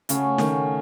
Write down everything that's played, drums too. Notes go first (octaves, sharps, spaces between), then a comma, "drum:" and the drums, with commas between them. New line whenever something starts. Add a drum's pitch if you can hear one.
C#3 A3 C#4 F#4, drum: hi-hat
D#3 A3 C#4 F#4, drum: snare